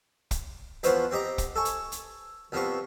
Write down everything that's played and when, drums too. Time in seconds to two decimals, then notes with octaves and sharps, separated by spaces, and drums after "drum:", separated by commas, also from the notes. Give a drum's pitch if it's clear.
0.31 drum: kick, hi-hat
0.83 E2 F3 B3 C5 C#5 F#5, drum: hi-hat
1.11 C4 G4 D#5 A#5
1.38 drum: kick, hi-hat
1.56 A4 G#5 C#6
1.65 drum: hi-hat
1.92 drum: hi-hat
2.52 C2 F3 B3 C4 C#6